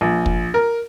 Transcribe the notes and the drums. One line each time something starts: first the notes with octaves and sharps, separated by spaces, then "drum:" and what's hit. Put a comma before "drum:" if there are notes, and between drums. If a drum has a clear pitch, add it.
A#1
drum: kick
A#4